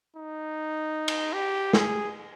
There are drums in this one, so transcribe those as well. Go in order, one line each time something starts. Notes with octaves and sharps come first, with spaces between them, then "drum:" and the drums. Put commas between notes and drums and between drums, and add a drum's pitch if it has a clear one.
D#4
drum: cymbal
G4
G#4, drum: snare